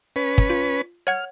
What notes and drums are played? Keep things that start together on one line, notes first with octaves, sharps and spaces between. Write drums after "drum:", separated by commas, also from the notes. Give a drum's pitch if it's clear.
C#4 B4
drum: kick
F4
C#5 F#5 F6 G#6